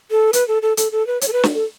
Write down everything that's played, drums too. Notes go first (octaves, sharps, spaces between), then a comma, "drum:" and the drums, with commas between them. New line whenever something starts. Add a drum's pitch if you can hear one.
A4
B4, drum: hi-hat
A4
A4
A4, drum: hi-hat
A4
B4
C#5, drum: hi-hat
A4
B4
drum: snare
A4